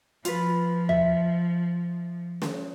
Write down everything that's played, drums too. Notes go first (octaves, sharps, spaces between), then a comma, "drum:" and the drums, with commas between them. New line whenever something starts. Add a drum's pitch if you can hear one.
F3 F4 B4, drum: hi-hat
E5, drum: tom D#2
drum: snare